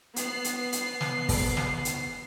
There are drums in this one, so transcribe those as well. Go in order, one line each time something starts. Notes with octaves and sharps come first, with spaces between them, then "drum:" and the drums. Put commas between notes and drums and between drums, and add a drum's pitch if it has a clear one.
B3 C7, drum: hi-hat
drum: hi-hat
drum: hi-hat
drum: snare
drum: kick, open hi-hat
drum: snare
drum: hi-hat